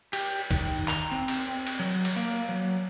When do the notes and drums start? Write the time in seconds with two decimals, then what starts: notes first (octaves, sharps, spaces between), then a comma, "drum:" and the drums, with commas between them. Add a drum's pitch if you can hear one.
0.13 G4, drum: cymbal
0.51 D#3, drum: kick, cymbal
0.88 A#5, drum: clap
1.12 C4
1.28 drum: cymbal
1.67 drum: cymbal
1.80 F#3
2.05 drum: cymbal
2.16 A#3
2.49 F#3